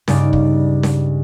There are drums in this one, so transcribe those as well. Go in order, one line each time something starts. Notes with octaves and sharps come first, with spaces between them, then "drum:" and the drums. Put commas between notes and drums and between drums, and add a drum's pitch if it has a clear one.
C#2 G2 C#3 D#4 D5, drum: snare C#4
drum: kick
drum: snare C#4